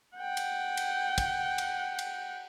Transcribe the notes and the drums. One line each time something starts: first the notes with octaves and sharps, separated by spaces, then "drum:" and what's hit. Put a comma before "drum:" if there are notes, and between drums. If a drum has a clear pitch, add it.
F#5 G5
drum: cymbal
drum: cymbal
drum: kick, cymbal
drum: cymbal
drum: cymbal